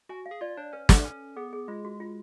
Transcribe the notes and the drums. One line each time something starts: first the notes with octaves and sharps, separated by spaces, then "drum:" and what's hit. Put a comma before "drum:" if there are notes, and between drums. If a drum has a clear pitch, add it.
F#4 G#5
F5
G#4
F4 D5
D4 C#5
C#4 B4
A3 A4, drum: snare
C#4
B3 G#4
G#4
G#3 F4
F#4
F4